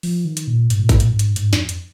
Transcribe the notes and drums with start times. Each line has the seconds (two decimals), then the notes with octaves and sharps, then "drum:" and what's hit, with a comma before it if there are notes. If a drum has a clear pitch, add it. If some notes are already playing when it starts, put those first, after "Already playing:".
0.03 F3, drum: open hi-hat
0.25 D#3
0.37 drum: hi-hat
0.47 A#2
0.70 G#2, drum: hi-hat
0.79 A#2
0.89 G#2, drum: kick A1, hi-hat
1.00 A#2, drum: hi-hat
1.09 G#2
1.19 drum: hi-hat
1.36 G#2, drum: hi-hat
1.53 F2, drum: snare
1.69 drum: hi-hat